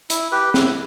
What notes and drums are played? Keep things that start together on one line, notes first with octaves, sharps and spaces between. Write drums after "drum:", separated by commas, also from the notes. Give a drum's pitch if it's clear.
E4, drum: hi-hat
G4 B4
E4, drum: snare